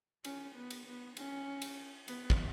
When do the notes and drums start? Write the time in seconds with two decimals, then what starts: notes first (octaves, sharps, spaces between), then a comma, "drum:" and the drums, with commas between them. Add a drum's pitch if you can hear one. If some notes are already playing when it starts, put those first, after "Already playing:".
0.25 C#4, drum: cymbal
0.55 B3
0.70 drum: cymbal
0.86 B3
1.17 C#4, drum: cymbal
1.62 drum: cymbal
2.08 B3, drum: cymbal
2.30 drum: kick